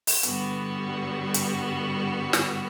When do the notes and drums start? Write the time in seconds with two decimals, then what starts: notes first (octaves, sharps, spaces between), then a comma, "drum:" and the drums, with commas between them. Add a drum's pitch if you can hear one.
0.07 drum: open hi-hat
0.23 G2 D3 G3 B3 F#4, drum: hi-hat
1.34 drum: hi-hat
2.33 drum: snare